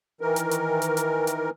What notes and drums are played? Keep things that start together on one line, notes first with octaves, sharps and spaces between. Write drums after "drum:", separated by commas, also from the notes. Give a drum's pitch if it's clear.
D#3 E3 A#4
drum: hi-hat
drum: hi-hat
drum: hi-hat
drum: hi-hat
drum: hi-hat